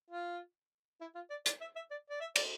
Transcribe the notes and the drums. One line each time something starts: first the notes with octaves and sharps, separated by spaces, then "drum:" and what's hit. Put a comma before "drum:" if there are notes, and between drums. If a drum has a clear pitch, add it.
F4
E4
F4
D5
D5, drum: hi-hat
E5
E5
D5
D5
E5
D5, drum: cymbal